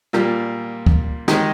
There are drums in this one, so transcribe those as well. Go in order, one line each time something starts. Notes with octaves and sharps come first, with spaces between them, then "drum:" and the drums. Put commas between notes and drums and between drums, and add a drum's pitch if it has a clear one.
A#2 G3 A#3 F4, drum: rim click
drum: kick
D#3 G#3 D#4 G4, drum: snare